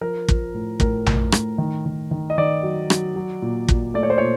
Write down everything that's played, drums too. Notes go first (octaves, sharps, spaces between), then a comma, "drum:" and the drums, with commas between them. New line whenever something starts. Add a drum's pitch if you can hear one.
F3 A#4
F3, drum: kick
A2
A2 A#4, drum: kick
A2, drum: tom A#1
A2, drum: rim click
D#3
D#3
D#3
D#5
D#3 D5
F#3
F#3, drum: rim click
F#3
A#2
A#2, drum: kick
A3 D5
C#5
C5
A#2 C#5